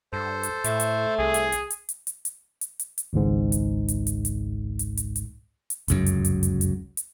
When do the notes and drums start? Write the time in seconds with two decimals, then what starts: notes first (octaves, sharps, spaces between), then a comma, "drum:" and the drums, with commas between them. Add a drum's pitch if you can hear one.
0.13 G2 A4 C5
0.43 drum: hi-hat
0.64 A2 A3, drum: hi-hat
0.80 drum: hi-hat
1.19 C2 G#4
1.34 drum: hi-hat
1.52 drum: hi-hat
1.70 drum: hi-hat
1.89 drum: hi-hat
2.07 drum: hi-hat
2.25 drum: hi-hat
2.61 drum: hi-hat
2.79 drum: hi-hat
2.98 drum: hi-hat
3.13 G#1 C#2 G#2
3.52 drum: hi-hat
3.88 drum: hi-hat
4.07 drum: hi-hat
4.25 drum: hi-hat
4.79 drum: hi-hat
4.97 drum: hi-hat
5.16 drum: hi-hat
5.70 drum: hi-hat
5.88 F1 C#2 F#2, drum: hi-hat
6.06 drum: hi-hat
6.25 drum: hi-hat
6.43 drum: hi-hat
6.61 drum: hi-hat
6.97 drum: hi-hat